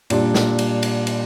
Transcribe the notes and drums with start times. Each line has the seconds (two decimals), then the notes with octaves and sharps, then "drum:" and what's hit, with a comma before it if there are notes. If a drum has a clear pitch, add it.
0.10 A#2 G3 D4, drum: cymbal
0.34 drum: snare
0.59 drum: cymbal
0.83 drum: cymbal
1.07 drum: cymbal